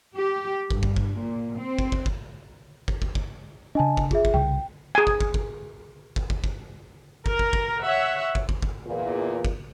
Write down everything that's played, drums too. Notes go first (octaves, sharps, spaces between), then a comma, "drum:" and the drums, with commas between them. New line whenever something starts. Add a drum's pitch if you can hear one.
G4
G2, drum: kick
drum: kick
drum: kick
A#2
C4
drum: kick
drum: kick
drum: kick
drum: kick
drum: kick
drum: kick
C#3 D4 D#5 G#5 A5
drum: kick
F4 G#4 E5, drum: kick
drum: kick
C2 C#3 G5
G#4 G#5
drum: kick
drum: kick
drum: kick
drum: kick
drum: kick
drum: kick
A#4, drum: kick
drum: kick
drum: kick
C#5 E5 F#5
drum: kick
drum: kick
drum: kick
E2 A#2
drum: kick